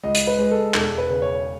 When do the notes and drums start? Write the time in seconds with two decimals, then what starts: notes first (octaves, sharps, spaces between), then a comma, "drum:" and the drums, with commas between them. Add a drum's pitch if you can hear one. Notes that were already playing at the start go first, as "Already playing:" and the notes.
0.03 C#2 D#5
0.15 drum: hi-hat
0.27 B4
0.39 G#3
0.51 A4
0.74 E1 A4, drum: clap
0.98 B4
1.10 C#3
1.22 C#5